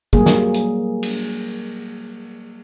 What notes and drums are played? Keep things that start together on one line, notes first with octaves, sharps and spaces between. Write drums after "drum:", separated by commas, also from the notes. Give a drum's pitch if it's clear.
F#3 G3 A#3 G#4, drum: kick
drum: snare
drum: hi-hat
drum: cymbal